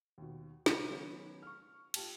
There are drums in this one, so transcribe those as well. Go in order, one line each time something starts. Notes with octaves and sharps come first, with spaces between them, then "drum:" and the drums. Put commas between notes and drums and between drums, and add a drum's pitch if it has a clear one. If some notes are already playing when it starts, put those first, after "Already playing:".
D#2 B2
C#2, drum: snare
D#3 F#3 B3 C#4
C#6 F6
F4 G4 A5, drum: cymbal